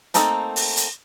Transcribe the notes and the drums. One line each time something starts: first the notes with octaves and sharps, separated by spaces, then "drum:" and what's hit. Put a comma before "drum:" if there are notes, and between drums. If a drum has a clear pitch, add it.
A3 A#3 C4 D#4 A4, drum: hi-hat
drum: open hi-hat
drum: hi-hat